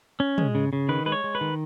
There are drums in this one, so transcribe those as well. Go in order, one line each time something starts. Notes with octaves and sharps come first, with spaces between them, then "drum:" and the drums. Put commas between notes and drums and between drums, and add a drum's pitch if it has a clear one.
C#4
G#3, drum: tom
C#3
C#3
D#3 B4
G#3 B4
C#5
G#3
B4
D#3